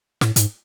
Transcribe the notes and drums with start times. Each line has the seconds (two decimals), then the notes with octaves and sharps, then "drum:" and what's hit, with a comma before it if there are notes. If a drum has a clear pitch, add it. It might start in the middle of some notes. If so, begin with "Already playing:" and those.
0.21 A2, drum: snare
0.36 G#2, drum: hi-hat